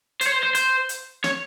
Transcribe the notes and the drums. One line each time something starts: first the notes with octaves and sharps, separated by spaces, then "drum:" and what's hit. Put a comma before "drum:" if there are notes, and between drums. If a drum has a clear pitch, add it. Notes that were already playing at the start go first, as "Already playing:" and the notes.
C5, drum: hi-hat
C#5
C5
C5
C5, drum: hi-hat
drum: hi-hat
C#5, drum: snare